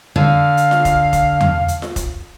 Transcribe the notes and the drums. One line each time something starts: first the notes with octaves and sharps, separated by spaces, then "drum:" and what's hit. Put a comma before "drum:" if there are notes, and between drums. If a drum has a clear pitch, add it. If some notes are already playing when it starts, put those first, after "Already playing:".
D3 F5
drum: hi-hat
drum: snare F4
drum: kick F1, hi-hat
drum: kick F1, hi-hat
drum: tom E2
drum: hi-hat
drum: snare F4
drum: kick F1, hi-hat